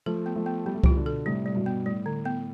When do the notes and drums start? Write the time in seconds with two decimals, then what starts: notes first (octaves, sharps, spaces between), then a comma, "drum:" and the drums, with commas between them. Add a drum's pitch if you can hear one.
0.06 F3 A3 A4
0.26 B3
0.36 F3 A3
0.46 B3
0.66 G3 B3
0.75 A3
0.84 E3 G3 F4, drum: kick C#2
0.96 B2 D3
1.06 A4
1.26 A2 C3 G3
1.46 G3
1.55 G2 B2
1.66 B3
1.86 A2 G3
2.06 D3
2.25 B3